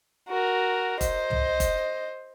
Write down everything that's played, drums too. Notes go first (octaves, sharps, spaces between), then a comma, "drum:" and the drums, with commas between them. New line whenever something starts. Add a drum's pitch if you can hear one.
F#4 A#4
C5 D#5, drum: kick F1, hi-hat
drum: tom
drum: kick F1, hi-hat